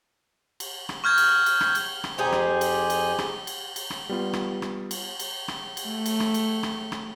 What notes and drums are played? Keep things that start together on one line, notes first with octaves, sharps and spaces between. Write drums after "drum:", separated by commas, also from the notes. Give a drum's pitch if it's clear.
drum: cymbal
drum: rim click
C#6 F6 G6 G#6
drum: cymbal
drum: cymbal
drum: rim click
drum: cymbal
drum: rim click
F2 D#4 G4 G#4 C5 G#5
drum: rim click
drum: cymbal
drum: cymbal
drum: rim click
drum: cymbal
drum: cymbal
drum: rim click
G3 B3 F4
drum: rim click
drum: rim click
drum: cymbal
drum: cymbal
drum: rim click
drum: cymbal
A3
drum: cymbal
drum: rim click
drum: cymbal
drum: rim click
drum: rim click